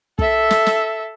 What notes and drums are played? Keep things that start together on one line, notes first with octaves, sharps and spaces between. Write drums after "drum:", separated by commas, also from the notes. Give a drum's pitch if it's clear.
A4 E5, drum: kick
drum: snare
drum: snare